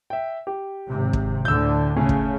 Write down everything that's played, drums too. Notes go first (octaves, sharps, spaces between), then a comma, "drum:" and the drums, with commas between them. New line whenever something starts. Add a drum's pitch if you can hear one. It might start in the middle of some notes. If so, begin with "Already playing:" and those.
E5 G5
G4
G#1 C3
drum: kick
D2 A2 D3 E6 G6
C#3 A3 C#4 G#4
drum: kick